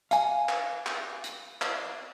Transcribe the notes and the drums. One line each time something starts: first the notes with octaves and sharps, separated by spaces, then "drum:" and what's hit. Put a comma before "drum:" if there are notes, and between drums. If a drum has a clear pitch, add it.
F5 G#5, drum: hi-hat
drum: clap
drum: clap
drum: hi-hat
drum: clap